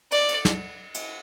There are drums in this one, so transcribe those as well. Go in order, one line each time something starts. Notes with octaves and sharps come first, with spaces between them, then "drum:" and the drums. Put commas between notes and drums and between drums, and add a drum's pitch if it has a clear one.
D5, drum: cymbal
drum: cymbal
drum: snare
drum: cymbal